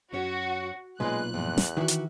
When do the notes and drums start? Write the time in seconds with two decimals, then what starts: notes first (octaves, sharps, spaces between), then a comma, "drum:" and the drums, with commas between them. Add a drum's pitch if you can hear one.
0.13 F#2 C#4 F#4 C#5
1.00 B1 A#2 G#3 C#4 F4 B4 F#6
1.33 E2 G2 F3 C4
1.58 drum: snare
1.77 D#3 E3 F#4 G4
1.88 drum: hi-hat